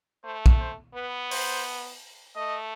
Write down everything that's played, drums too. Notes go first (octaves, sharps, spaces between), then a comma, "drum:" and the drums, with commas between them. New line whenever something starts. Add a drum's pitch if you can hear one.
A3 C5
drum: kick
C5
B3 B4
C5, drum: open hi-hat
A3 D#5